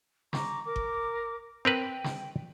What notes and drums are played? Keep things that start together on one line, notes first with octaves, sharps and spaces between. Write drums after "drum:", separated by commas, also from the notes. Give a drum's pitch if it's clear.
A#5 C#6 D6, drum: snare
A#4 D6
drum: kick G1
C4 A#4 B4 G5
drum: snare